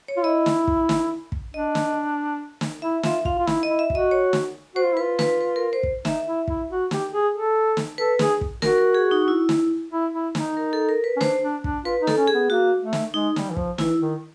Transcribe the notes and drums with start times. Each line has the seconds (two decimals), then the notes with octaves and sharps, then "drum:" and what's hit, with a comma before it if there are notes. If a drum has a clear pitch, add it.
0.08 C#5
0.17 F4
0.24 E4 D#5
0.46 drum: snare
0.68 drum: kick
0.89 drum: snare
1.32 drum: kick
1.54 D4 D#5
1.75 drum: snare
2.61 drum: snare
2.82 E4 E5
3.03 F4 E5, drum: snare
3.25 F4 F5, drum: kick
3.39 F4
3.47 E4, drum: snare
3.63 D#5
3.69 E4
3.79 E5
3.90 F#4, drum: kick
3.95 D#5
4.11 C#5
4.33 drum: snare
4.75 F#4 C5
4.85 F4
4.94 E4 B4
5.02 F4
5.19 B4, drum: snare
5.41 B4
5.56 A#4
5.73 C5
5.83 drum: kick
6.05 D#4 E5, drum: snare
6.26 E4
6.48 E4, drum: kick
6.70 F#4
6.91 G4, drum: snare
7.13 G#4
7.34 A4
7.77 drum: snare
7.98 A4 B4
8.19 G#4, drum: snare
8.41 drum: kick
8.62 F#4 A#4, drum: snare
8.78 A#4
8.95 G#4
9.11 D#4
9.28 E4
9.49 drum: snare
9.91 E4
10.14 E4
10.35 D#4, drum: snare
10.57 A#4
10.73 A4
10.89 A#4
11.04 B4
11.16 C#4
11.21 D4 C5, drum: snare
11.42 D4
11.64 D4, drum: kick
11.85 F4 B4
12.02 D#4
12.07 A4, drum: snare
12.17 C#4
12.28 G#4
12.34 B3
12.50 A#3 F#4
12.82 A3
12.93 drum: snare
13.14 G#3 D#4
13.36 G3, drum: snare
13.51 E3
13.57 F3, drum: kick
13.78 E3 E4, drum: snare
14.00 D#3